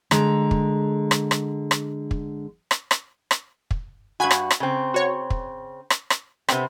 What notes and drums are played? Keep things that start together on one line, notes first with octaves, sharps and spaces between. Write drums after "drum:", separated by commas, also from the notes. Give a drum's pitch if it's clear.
D3 G#3 A#5, drum: rim click
drum: kick
drum: rim click
drum: rim click
drum: rim click
drum: kick
drum: rim click
drum: rim click
drum: rim click
drum: kick
G2 F#4 G#5 B5 G#6
drum: rim click
drum: rim click
C#3 C4
F#4 C#5
drum: kick
drum: rim click
drum: rim click
C3 B3 C4, drum: rim click